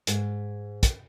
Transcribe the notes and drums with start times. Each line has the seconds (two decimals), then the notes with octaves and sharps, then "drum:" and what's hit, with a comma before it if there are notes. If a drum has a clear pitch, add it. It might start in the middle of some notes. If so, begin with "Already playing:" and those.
0.07 G#2, drum: hi-hat
0.83 drum: kick, hi-hat